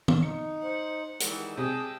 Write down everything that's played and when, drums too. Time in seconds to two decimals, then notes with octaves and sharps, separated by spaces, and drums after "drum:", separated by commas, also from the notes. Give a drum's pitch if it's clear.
0.08 drum: tom
0.23 D#4 C#7
0.63 C5 F#5
1.20 D#3 E3 G3 G#3 F#5, drum: hi-hat
1.57 C3 G#4 G5 A5 D#6